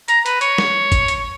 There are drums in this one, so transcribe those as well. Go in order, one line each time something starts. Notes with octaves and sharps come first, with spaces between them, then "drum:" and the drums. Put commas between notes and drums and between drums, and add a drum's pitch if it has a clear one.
A#5, drum: hi-hat
B4, drum: hi-hat
C#5, drum: hi-hat
drum: snare
drum: kick G1, hi-hat
drum: hi-hat